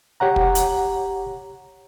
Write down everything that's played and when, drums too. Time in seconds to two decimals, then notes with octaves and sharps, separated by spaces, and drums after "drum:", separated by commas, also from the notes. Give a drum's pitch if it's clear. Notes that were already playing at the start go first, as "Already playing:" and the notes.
0.20 G4 C#5 F#5 A#5
0.36 drum: kick
0.55 drum: hi-hat